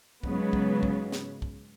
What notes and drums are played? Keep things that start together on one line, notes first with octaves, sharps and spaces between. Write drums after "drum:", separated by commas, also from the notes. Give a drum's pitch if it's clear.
G#2 C#3 F#3 B3, drum: kick
drum: kick
drum: kick
drum: snare
drum: kick